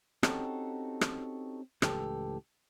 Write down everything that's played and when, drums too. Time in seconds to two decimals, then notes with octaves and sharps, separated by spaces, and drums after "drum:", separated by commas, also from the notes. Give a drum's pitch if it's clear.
0.23 C4 C#4 D#4 F#4 G4 A4, drum: rim click
1.01 drum: rim click
1.82 C#2 A2 E3 G4 A4, drum: rim click